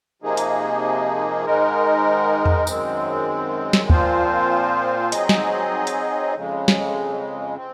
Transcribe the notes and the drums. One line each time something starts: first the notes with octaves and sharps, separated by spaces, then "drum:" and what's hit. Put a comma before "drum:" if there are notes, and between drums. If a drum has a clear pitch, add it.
C3 F3 A#3 D#4 G#4
drum: hi-hat
G#2 D#3 G#3 D#4 A#4
drum: tom E2
F#2 D#3 G#3 C4, drum: tambourine
drum: snare
A#2 F3 C4 F4 C5, drum: kick
F#3 C4 D#4 G#4 D#5, drum: hi-hat
drum: snare
drum: hi-hat
F2 C#3 G#3
drum: snare
C4